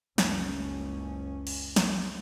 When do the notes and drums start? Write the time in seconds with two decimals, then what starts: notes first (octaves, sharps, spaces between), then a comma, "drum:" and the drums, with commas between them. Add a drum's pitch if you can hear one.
0.18 F#1 C#2 C#4, drum: snare
1.47 drum: cymbal
1.76 drum: snare